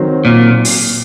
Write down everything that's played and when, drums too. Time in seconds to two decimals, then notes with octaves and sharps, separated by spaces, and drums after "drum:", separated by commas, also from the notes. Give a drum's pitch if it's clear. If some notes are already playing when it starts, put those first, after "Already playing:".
Already playing: D#3 F#3 C4
0.25 A#2
0.65 drum: open hi-hat